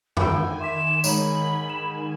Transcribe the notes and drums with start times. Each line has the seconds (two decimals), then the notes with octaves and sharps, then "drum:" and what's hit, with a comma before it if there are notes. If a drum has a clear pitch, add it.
0.17 D3 D#3 G5 G#5 B5 E6, drum: tom F2
0.60 E5 C6 D6 B6 E7
1.04 G#2 D#4 C#5 B5, drum: tambourine
1.70 E7